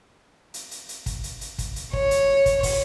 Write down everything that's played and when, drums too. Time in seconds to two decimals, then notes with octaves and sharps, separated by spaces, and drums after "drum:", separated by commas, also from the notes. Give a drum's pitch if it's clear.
0.54 drum: hi-hat
0.71 drum: hi-hat
0.89 drum: hi-hat
1.06 drum: kick, hi-hat
1.24 drum: hi-hat
1.41 drum: hi-hat
1.58 drum: kick, hi-hat
1.76 drum: hi-hat
1.93 C#5, drum: kick
2.11 drum: hi-hat
2.46 drum: kick, hi-hat
2.63 drum: kick, open hi-hat